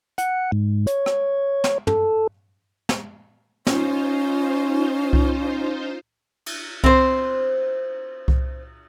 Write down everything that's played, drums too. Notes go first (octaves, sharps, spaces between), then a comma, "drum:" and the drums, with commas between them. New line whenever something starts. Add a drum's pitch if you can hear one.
F#5, drum: hi-hat
G#2
C#5, drum: hi-hat
drum: rim click
drum: snare
A4, drum: tom
drum: snare
C#4 D#4 F4 C5, drum: snare
drum: kick C2
drum: cymbal
C4 C5, drum: kick C2
drum: kick C2